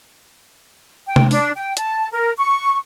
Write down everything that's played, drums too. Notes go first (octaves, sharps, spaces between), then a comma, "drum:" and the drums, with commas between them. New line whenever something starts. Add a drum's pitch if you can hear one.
G5
drum: tom
D4, drum: open hi-hat
G5
A5, drum: hi-hat
A#4
C#6